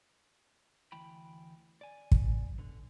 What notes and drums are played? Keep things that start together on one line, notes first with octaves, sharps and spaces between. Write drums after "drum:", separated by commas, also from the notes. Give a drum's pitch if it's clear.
D2 E3 G5 B5
D5 G#5
drum: kick
B2 D3